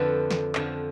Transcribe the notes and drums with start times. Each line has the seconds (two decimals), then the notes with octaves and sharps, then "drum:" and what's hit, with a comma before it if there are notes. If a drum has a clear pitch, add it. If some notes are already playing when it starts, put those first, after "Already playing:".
Already playing: F2 D3 F3 A4 B4
0.31 drum: snare
0.55 F2 D3 F3, drum: clap